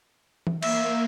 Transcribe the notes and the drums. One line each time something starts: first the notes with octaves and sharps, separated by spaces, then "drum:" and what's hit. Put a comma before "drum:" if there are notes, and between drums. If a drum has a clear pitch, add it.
drum: tom E3
A#3 E5, drum: cymbal